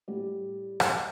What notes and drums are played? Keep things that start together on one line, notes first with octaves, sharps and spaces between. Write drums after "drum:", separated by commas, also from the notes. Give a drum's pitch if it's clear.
A2 G3 D5
drum: rim click